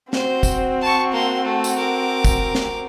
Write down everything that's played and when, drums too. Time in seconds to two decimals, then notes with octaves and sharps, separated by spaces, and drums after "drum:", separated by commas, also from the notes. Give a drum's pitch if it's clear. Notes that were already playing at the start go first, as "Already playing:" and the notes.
0.13 C4 F#4 C5, drum: snare
0.43 drum: kick, tambourine
0.82 A5 C#6
1.12 A#3 C6
1.44 A3
1.64 drum: tambourine
1.77 A#4 D6
2.25 drum: kick, tambourine
2.55 drum: snare